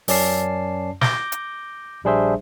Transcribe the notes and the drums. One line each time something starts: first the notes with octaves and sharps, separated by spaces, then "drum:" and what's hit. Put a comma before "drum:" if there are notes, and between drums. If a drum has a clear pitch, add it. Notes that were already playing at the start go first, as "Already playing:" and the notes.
F#2 C#4 D5 A5 C7, drum: open hi-hat
D6 G6 A#6, drum: snare
drum: hi-hat
A#1 G3 D4 G#4 C5 E5